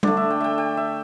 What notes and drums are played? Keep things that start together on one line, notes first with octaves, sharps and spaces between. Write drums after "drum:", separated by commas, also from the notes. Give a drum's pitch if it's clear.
D3 A3 D5, drum: tom G3
E5
G5
E5 G5
G5
E5